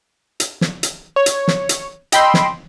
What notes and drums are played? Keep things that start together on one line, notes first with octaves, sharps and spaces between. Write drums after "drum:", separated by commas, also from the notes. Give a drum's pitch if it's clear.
drum: hi-hat
drum: snare
drum: hi-hat
C#5
drum: hi-hat
drum: snare
drum: hi-hat
D#5 G5 B5 C6 E6, drum: hi-hat
drum: snare